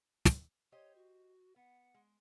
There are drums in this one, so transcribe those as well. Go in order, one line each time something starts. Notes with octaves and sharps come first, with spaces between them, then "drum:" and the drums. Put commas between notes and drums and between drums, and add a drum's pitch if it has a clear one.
drum: snare
G4 C5 C#5 D#5
F#4
B3 F#5
G#3